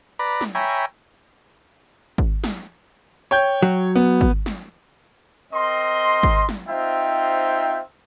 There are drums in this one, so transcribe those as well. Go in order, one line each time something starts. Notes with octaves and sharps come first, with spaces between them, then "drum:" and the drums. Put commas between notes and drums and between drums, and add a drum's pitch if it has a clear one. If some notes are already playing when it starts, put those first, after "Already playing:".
B4 D5 A#5 B5
drum: snare
C#5 E5 G5 G#5 A#5 B5
drum: kick G#1
drum: snare
C#5 G5 G6
F#3
B3
drum: kick G#1
drum: snare
C4 A#4 D#5 C6
drum: kick G#1
drum: snare
C4 D#4 F4 C5 E5 G5